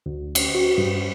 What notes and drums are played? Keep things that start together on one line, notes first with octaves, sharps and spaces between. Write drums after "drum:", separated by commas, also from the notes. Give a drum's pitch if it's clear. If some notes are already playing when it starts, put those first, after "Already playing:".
D2
drum: cymbal
F#4
G2